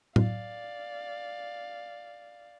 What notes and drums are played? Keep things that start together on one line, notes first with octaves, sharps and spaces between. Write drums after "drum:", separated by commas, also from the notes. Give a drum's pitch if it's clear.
D5 F5, drum: tom A2